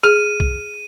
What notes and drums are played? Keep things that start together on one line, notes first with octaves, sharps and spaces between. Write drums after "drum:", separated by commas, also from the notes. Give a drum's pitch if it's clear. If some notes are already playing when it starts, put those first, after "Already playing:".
G#4 F6 D#7
drum: kick